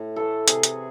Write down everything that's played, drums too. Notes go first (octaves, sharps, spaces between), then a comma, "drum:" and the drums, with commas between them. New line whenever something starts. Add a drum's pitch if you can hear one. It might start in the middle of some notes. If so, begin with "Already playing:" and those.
Already playing: A2
E3 A3 A4
C3 G#4, drum: hi-hat
drum: hi-hat